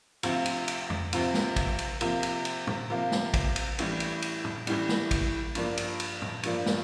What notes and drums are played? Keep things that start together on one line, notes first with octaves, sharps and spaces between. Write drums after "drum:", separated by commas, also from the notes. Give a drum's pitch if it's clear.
D2 C3 F3 C4 F4, drum: cymbal
drum: cymbal
drum: cymbal
drum: tom
D2 C3 F3 C4 F4, drum: cymbal
drum: snare
drum: kick, cymbal
drum: cymbal
C3 F3 A#3 F4, drum: cymbal
drum: cymbal
drum: cymbal
drum: tom
C3 F3 A#3 F4
drum: snare
drum: kick, cymbal
drum: cymbal
A1 A2 E3 G3, drum: cymbal
drum: cymbal
drum: cymbal
drum: tom
A1 A2 E3 G3, drum: cymbal
drum: snare
drum: kick, cymbal
G2 F3 A#3 D4, drum: cymbal
drum: cymbal
drum: cymbal
drum: tom
G2 F3 A#3 D4, drum: cymbal
drum: snare